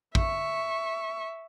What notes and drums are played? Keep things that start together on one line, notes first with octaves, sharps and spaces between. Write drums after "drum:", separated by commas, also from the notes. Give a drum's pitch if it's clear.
E5 C#6, drum: kick